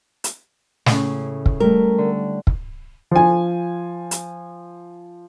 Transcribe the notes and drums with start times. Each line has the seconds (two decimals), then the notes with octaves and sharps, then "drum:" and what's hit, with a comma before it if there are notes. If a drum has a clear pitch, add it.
0.24 drum: hi-hat
0.86 A2 C#3 C#4, drum: snare
1.46 drum: kick
1.60 G3 A3 A#4
1.98 D3
2.47 drum: kick
3.11 F3 G#5
4.11 drum: hi-hat